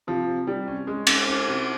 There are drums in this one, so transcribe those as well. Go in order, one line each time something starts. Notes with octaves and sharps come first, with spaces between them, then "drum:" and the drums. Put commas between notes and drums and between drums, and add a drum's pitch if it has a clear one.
C3 F3
C3
C3 G3
C#4
G#3 C#4
C#4, drum: cymbal
C#4
C3